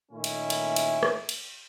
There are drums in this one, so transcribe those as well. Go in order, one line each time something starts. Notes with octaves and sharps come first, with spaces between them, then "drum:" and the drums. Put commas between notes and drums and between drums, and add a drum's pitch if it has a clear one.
A#2 D#3 A3 A#3 C#4 E4
drum: cymbal
drum: cymbal
drum: cymbal
drum: rim click
drum: cymbal